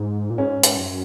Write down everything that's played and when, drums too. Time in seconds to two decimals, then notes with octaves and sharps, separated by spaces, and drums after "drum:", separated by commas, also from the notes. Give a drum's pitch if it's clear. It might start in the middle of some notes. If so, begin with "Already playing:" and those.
Already playing: G#2
0.30 A#2
0.38 G#2 C#4
0.63 drum: hi-hat
0.76 F#2